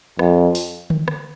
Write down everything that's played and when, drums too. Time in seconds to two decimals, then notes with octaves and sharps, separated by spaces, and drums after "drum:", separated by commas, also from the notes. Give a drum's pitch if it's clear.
0.19 F2, drum: rim click
0.55 drum: open hi-hat
0.90 drum: tom D3
1.08 drum: rim click